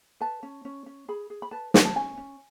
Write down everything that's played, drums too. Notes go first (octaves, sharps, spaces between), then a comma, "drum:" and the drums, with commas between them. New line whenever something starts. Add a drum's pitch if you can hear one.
B4 A5
C#4
C#4
C#4
G#4 B5
G#4
B5
B4 A5
G#4, drum: snare
A5
C#4 G#5
C#4